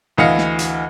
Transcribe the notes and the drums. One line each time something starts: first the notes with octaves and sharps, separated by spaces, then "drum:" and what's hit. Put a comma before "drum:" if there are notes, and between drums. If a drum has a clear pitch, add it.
D2 E3 D#5 F5 C#7
drum: snare
drum: hi-hat